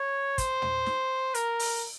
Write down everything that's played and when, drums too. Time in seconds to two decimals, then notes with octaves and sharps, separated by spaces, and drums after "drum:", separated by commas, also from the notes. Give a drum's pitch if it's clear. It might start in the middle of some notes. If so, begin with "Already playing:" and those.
Already playing: C#5
0.38 C5, drum: kick, hi-hat
0.62 drum: tom
0.86 drum: snare
1.35 A#4, drum: hi-hat
1.59 drum: open hi-hat